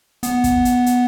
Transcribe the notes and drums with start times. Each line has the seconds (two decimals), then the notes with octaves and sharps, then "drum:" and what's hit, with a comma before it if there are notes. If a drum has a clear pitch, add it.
0.23 B3, drum: hi-hat
0.44 drum: kick, hi-hat
0.65 drum: hi-hat
0.86 drum: hi-hat